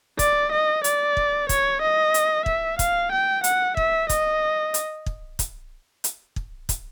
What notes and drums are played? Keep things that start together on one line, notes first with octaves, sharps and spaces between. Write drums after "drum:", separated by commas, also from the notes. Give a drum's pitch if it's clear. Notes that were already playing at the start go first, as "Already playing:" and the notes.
D5, drum: kick, hi-hat
D#5
D5, drum: hi-hat
drum: kick
C#5, drum: kick, hi-hat
D#5
drum: hi-hat
E5, drum: kick
F5, drum: kick, hi-hat
G5
F#5, drum: hi-hat
E5, drum: kick
D#5, drum: kick, hi-hat
drum: hi-hat
drum: kick
drum: kick, hi-hat
drum: hi-hat
drum: kick
drum: kick, hi-hat